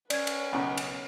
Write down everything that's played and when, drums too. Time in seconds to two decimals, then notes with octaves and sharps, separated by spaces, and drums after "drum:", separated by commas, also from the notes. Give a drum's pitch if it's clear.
0.10 C#4 B4 D5 G#6, drum: cymbal
0.27 drum: cymbal
0.53 B1 C#3
0.78 drum: cymbal